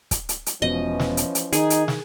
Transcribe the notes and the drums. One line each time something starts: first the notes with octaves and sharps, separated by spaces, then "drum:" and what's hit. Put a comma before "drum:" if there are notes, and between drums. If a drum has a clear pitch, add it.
drum: kick, hi-hat
drum: hi-hat
drum: hi-hat
E1 B2 E3 F3 C#4 D#5
drum: snare
drum: hi-hat
drum: hi-hat
D#3 D#4 G#4, drum: hi-hat
drum: hi-hat
drum: snare